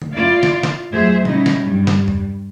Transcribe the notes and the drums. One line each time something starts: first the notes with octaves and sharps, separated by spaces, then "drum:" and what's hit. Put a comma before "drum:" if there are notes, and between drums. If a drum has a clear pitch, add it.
drum: tom D3
E4 F4 D5 F5
drum: snare
drum: snare
F2 F#3 A3 G#4 C5 E5
B2 G3 C#4 D#4 E4 D#5, drum: tom D3
drum: snare
G2 G3
drum: snare
drum: tom E2